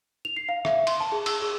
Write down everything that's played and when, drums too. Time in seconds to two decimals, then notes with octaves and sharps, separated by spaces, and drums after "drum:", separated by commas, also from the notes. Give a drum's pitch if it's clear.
0.25 F7
0.37 C7
0.49 F5
0.65 E5, drum: rim click
0.87 C6, drum: cymbal
1.00 A5
1.12 G#4
1.26 E6, drum: cymbal
1.42 G#4